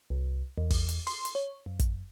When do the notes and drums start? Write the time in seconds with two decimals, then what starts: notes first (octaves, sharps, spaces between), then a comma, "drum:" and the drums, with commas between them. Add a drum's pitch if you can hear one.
0.10 C2
0.58 E2
0.70 drum: kick, open hi-hat
0.89 drum: hi-hat
1.07 C6, drum: open hi-hat
1.25 drum: hi-hat
1.35 C#5
1.66 F#2
1.79 drum: kick, hi-hat